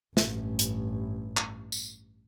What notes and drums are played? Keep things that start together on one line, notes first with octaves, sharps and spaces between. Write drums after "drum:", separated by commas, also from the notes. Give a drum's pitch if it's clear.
A1 G2, drum: snare
drum: hi-hat
drum: clap
drum: tambourine